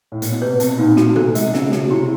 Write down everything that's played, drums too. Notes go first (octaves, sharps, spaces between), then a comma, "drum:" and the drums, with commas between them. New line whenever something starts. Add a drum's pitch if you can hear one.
A2
A#2, drum: hi-hat
B2
C3 B4
B2 C4, drum: hi-hat
A#2 D#4
A#2 F#4, drum: snare
C3 A4, drum: tom
B2 G#3, drum: hi-hat
C#3 C#4, drum: snare
F#4, drum: snare
C3 E4